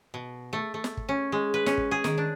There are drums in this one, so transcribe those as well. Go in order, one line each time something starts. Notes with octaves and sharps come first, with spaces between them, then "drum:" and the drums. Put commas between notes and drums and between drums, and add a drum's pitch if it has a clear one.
B2
A3
A3
drum: snare
drum: kick
C#4
G#3
B4
C#4, drum: snare
drum: kick
G#4
D#3, drum: snare
D4